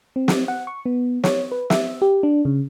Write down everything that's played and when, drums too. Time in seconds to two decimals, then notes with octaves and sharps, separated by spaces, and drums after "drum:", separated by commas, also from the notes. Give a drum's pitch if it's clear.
0.16 C4
0.28 drum: snare
0.48 F#5
0.67 C#6
0.86 B3
1.24 C#5, drum: snare
1.52 B4
1.70 E5, drum: snare
2.02 G4
2.23 D4
2.45 C#3